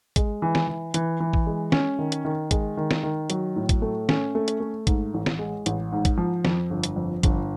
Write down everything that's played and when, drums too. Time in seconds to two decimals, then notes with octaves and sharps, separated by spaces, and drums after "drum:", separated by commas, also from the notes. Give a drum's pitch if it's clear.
0.16 G#3, drum: kick, hi-hat
0.42 E3
0.55 drum: snare
0.67 E3
0.94 E3, drum: hi-hat
1.20 E3
1.33 drum: kick
1.47 G#3
1.72 C#4, drum: snare
1.99 D#3
2.12 drum: hi-hat
2.25 D#3
2.51 G#3, drum: kick, hi-hat
2.77 D#3
2.91 drum: snare
3.03 D#3
3.30 F#3, drum: hi-hat
3.56 A2
3.69 drum: kick, hi-hat
3.82 A3
4.09 C#4, drum: snare
4.35 A3
4.48 drum: hi-hat
4.60 A3
4.87 G#2, drum: kick, hi-hat
5.14 A1
5.26 drum: snare
5.39 G#3
5.66 A1, drum: hi-hat
5.92 G#2
6.05 drum: kick, hi-hat
6.17 F3
6.45 F2, drum: snare
6.70 G1
6.84 drum: hi-hat
6.96 F2
7.23 G1, drum: kick, hi-hat